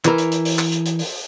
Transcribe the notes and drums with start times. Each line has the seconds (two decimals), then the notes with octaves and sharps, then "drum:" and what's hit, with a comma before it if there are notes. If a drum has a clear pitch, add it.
0.05 E3 A#4, drum: clap
0.18 drum: hi-hat
0.32 drum: hi-hat
0.45 drum: open hi-hat
0.59 drum: clap
0.72 drum: hi-hat
0.86 drum: hi-hat
0.99 drum: open hi-hat